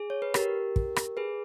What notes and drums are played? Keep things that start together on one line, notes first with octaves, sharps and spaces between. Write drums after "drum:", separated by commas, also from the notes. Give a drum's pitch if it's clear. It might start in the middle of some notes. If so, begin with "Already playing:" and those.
Already playing: G#4
C#5
B4
G4 A#4, drum: rim click
drum: kick
drum: rim click
G#4 B4